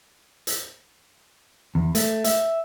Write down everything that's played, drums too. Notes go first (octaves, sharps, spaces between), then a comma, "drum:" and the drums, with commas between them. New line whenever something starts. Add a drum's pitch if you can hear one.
drum: hi-hat
E2
A3, drum: hi-hat
E5, drum: hi-hat